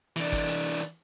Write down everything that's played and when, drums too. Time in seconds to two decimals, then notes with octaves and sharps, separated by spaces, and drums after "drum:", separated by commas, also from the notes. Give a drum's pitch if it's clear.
0.16 E3 D4
0.32 drum: kick G1, hi-hat
0.48 drum: hi-hat
0.80 drum: hi-hat